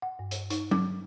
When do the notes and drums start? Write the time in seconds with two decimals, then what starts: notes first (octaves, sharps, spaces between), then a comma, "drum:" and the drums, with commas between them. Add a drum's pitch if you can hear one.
0.02 F#5
0.19 G2
0.31 drum: hi-hat
0.50 D#4, drum: hi-hat
0.71 D6, drum: tom F#3